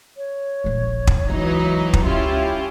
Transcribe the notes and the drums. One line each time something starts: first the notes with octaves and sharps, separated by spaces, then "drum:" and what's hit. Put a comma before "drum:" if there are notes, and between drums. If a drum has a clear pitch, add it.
C#5
E1 A#1
drum: kick
C#2 E3 F#3 D#4
drum: kick
C#2 C#4 E4 F4 G4